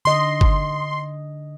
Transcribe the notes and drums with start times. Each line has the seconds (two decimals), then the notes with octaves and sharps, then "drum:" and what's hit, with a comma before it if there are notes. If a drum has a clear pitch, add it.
0.05 D3 D#5 C6
0.41 drum: kick